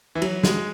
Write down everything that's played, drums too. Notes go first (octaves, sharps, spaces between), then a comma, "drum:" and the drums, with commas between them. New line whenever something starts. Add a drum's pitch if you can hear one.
E3
F#3, drum: cymbal
G#3, drum: snare